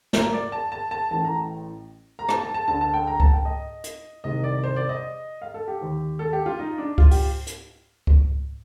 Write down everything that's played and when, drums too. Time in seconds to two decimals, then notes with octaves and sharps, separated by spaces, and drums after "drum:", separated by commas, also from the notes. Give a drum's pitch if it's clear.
0.13 A#4, drum: snare
0.33 D5
0.52 A5
0.72 A5
0.91 A5
1.11 A1 A2 A5
1.24 A#5
2.19 A#5
2.29 A5, drum: rim click
2.41 A5
2.54 A5
2.68 D2 D3 A5
2.81 A5
2.94 G5
3.07 A#5
3.20 A5, drum: kick C#2
3.33 G5
3.45 D#5
3.84 drum: hi-hat
4.24 C2 C3 D#3 D#5
4.44 D5
4.64 C5
4.76 D5
4.89 D#5
5.42 F5
5.54 A4
5.68 G4
5.81 D#2 D#3
6.19 A4
6.33 G4
6.46 F4
6.59 D#4
6.78 D4
6.98 F4, drum: kick C#2
7.11 G4, drum: open hi-hat
7.47 drum: hi-hat
8.07 drum: kick C#2